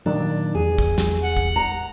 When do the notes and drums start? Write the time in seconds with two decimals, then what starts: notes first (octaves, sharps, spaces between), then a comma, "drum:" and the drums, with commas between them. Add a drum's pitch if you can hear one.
0.06 A#2 D#3 F#3 D4
0.55 E2 G#4
0.78 drum: kick
0.98 drum: snare
1.24 F#5
1.37 drum: kick
1.56 A#5